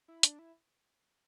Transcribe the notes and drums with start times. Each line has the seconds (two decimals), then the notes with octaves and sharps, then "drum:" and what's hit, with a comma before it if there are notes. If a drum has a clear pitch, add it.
0.08 E4
0.23 D4, drum: hi-hat
0.39 E4